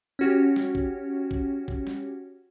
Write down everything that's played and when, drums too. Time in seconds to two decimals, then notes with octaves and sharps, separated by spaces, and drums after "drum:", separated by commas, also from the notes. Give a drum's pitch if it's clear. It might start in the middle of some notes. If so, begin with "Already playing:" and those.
0.19 C#4 F#4 G4
0.56 drum: snare
0.75 drum: kick G#1
1.31 drum: kick G#1
1.68 drum: kick G#1
1.87 drum: snare